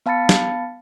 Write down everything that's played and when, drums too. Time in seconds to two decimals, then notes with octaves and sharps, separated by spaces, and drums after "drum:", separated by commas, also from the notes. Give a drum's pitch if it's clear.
0.06 B3 F5 A5 B5 A6 C#7
0.29 drum: snare